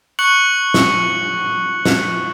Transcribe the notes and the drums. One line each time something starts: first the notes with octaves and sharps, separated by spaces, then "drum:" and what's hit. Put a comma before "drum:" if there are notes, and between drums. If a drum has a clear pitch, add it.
C#6 F#6 C#7 F#7
drum: snare
drum: snare